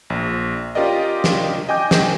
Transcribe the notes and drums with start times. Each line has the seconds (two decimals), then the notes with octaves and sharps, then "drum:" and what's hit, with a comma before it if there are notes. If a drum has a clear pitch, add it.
0.10 A#1
0.75 C#4 F4 G4 A#4 D5 D#5
1.24 drum: snare
1.69 D#5 G5 G#5 D6 G6
1.91 drum: snare